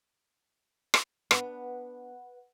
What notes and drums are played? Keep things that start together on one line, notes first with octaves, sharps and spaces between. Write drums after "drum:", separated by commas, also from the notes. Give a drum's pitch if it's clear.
drum: rim click
B3 D4 B4 F#5, drum: rim click